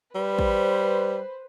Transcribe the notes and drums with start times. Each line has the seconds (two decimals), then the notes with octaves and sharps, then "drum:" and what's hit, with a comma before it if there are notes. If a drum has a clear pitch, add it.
0.15 G3 B4 C5
0.39 drum: kick